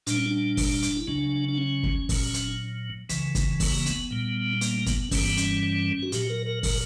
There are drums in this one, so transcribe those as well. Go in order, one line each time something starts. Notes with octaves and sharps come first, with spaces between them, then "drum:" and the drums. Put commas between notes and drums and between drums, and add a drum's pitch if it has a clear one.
A#2 G3 D4, drum: hi-hat
C#4
D4
drum: kick, open hi-hat
drum: hi-hat
E4
C#2 C#3 F#3 D4
D4
C#4
drum: kick
A#2 F#3, drum: kick, open hi-hat
drum: hi-hat
C#2 C#3 E3, drum: hi-hat
drum: kick, hi-hat
B3, drum: kick, open hi-hat
A#3
B3, drum: hi-hat
A#2 G3
A#3, drum: hi-hat
A#3
B3, drum: kick, hi-hat
G2 E3 G3 C#4, drum: kick, open hi-hat
B3
C#4, drum: hi-hat
F#4
A#2 F#3 G4, drum: hi-hat
A#4
A#4
A#4, drum: kick, open hi-hat